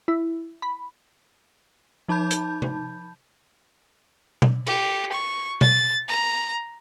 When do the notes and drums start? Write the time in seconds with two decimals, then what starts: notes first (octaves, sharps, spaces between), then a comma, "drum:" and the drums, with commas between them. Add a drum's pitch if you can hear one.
0.08 E4
0.62 B5
2.08 F3 D#4 A5 B5 G6
2.31 drum: hi-hat
2.62 drum: tom C3
4.42 drum: tom B2
4.67 G4, drum: cymbal
5.12 C#6
5.61 A6, drum: tom B2
6.08 A#5